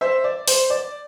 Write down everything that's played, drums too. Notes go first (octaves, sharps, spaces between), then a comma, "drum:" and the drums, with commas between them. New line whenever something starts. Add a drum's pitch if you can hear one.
C5 E5
D5
C5, drum: open hi-hat
D5